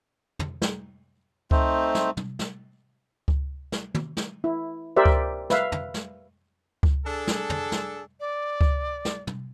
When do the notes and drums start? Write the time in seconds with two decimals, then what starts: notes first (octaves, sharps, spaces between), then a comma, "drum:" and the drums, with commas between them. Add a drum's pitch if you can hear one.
0.39 drum: tom
0.62 drum: snare
1.51 A3 C4 D#4 C5, drum: kick C#2
1.95 drum: snare
2.17 drum: tom
2.39 drum: snare
3.28 drum: kick C#2
3.72 drum: snare
3.95 drum: tom
4.17 drum: snare
4.44 E4
4.96 G4 A#4 C5 D5 E5
5.05 drum: kick C#2
5.50 B4 E5 F5, drum: snare
5.72 drum: tom
5.94 drum: snare
6.83 drum: kick C#2
7.05 D4 G#4 A4
7.27 drum: snare
7.50 drum: tom
7.72 drum: snare
8.20 D5
8.61 drum: kick C#2
9.05 drum: snare
9.27 drum: tom